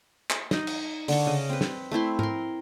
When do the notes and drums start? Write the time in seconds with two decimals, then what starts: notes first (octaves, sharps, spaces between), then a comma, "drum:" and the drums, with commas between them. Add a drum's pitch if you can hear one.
0.30 drum: clap
0.51 D#4 D#5, drum: snare
0.67 drum: cymbal
1.08 D3 D4 C#6, drum: open hi-hat
1.26 C#3 D#5
1.49 C4 B4
1.61 drum: snare
1.91 A3 C4 E4 C6
2.19 A#4 C6, drum: tom G#2